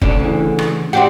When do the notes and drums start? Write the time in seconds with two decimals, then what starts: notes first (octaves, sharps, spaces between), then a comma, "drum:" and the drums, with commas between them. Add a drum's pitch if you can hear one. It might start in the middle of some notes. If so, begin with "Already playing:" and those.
0.02 D2 D3 C#4 D4, drum: kick F#1
0.20 C#3 E3
0.59 drum: rim click
0.93 C4 D4 G4 C5 D5 F#5